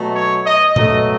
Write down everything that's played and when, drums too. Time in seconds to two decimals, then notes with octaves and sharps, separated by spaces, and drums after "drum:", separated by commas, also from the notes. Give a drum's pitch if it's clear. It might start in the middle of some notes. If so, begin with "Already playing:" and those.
Already playing: B2 F#3 A3
0.15 C#5
0.46 D#5
0.76 B2 F#3 A3 D#5, drum: tom A#2